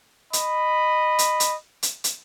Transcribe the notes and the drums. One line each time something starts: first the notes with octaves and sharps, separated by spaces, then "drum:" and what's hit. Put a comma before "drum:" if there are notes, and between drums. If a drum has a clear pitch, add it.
D#5 B5, drum: hi-hat
drum: hi-hat
drum: hi-hat
drum: hi-hat
drum: hi-hat